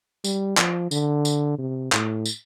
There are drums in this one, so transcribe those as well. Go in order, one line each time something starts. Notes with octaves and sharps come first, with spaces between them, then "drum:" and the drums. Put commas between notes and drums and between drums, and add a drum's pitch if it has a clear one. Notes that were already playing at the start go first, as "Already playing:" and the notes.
G3, drum: tambourine
F3, drum: clap
D3, drum: tambourine
drum: tambourine
C3
A2, drum: clap
drum: tambourine